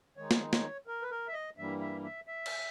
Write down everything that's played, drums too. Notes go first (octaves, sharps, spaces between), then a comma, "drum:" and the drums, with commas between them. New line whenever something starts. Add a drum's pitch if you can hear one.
D#3 G#3 D#4 C#5
drum: snare
C#5, drum: snare
A#4
B4
A#4
E5
D#5
G2 E3 G3 A#3 E5
E5
E5
E5
drum: cymbal